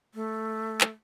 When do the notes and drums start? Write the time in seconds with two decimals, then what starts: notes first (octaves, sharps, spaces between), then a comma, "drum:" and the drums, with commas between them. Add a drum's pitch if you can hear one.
0.15 A3
0.81 drum: clap